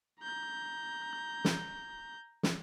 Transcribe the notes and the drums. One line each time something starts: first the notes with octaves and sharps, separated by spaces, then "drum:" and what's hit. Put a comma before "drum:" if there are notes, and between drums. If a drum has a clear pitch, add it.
A#5 G6
drum: snare
drum: snare